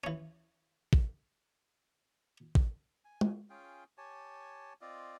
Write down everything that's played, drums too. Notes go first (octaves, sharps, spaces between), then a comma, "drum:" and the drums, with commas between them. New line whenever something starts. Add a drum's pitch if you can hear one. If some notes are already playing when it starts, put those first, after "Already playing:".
E3 C#4
drum: kick
drum: kick
G#5
drum: tom
C#4 F4 G#4 G5
G4 C#5 G#5 A5
C4 F4 D5 D#5